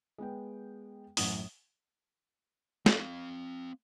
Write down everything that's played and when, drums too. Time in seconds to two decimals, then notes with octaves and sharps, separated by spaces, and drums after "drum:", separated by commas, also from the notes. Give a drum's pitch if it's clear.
0.18 G#3 B3 G5
1.17 A1 F#2 A2 F#5 D#6, drum: open hi-hat
2.86 C4 F5, drum: snare